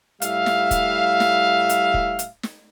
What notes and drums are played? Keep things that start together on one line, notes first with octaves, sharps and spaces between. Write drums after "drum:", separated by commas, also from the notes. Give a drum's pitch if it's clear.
A2 G3 E5 F5, drum: hi-hat
drum: snare
drum: kick, hi-hat
drum: snare
drum: hi-hat
drum: kick
drum: hi-hat
drum: snare